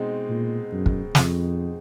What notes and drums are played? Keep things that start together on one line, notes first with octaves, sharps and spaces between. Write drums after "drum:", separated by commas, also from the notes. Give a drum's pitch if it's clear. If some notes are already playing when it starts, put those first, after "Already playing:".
Already playing: B2 G#3 C4 D#4
A#2
F#2
drum: kick
F2, drum: snare